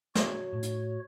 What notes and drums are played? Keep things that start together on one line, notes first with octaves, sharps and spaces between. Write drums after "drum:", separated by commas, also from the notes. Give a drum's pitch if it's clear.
F#4 C#5, drum: snare
A2
drum: hi-hat